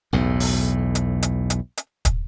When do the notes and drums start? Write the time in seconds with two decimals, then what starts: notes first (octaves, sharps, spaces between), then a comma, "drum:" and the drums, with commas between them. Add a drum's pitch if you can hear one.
0.13 B1 E2 A2
0.40 drum: open hi-hat
0.95 drum: hi-hat
1.23 drum: hi-hat
1.50 drum: hi-hat
1.77 drum: hi-hat
2.05 drum: kick, hi-hat